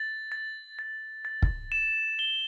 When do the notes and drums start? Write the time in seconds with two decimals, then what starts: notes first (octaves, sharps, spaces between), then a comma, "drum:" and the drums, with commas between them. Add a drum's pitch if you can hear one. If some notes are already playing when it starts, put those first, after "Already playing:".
Already playing: A6
0.32 A6
0.79 A6
1.25 A6
1.42 drum: kick
1.72 E7
2.19 G7